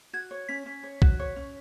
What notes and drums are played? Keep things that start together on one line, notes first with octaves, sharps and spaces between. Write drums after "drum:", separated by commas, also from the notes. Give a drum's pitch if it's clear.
F#4 G#6
C#5
C#4 B6
C#4
C#5
F#4, drum: kick
C#5
C#4